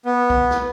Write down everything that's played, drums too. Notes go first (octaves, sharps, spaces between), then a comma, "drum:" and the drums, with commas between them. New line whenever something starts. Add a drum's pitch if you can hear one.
B3
drum: kick B1
drum: snare